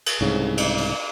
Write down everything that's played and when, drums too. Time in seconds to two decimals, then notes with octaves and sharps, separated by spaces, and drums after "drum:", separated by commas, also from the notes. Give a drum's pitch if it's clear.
0.06 drum: cymbal
0.21 C2 G#2 C#3
0.57 drum: cymbal
0.78 drum: open hi-hat